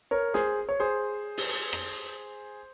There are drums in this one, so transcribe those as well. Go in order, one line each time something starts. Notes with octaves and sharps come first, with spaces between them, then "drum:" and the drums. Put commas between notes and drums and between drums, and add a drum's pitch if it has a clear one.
A#4 C#5
G#4 C5, drum: snare
C#5
G#4 C5
drum: open hi-hat
drum: rim click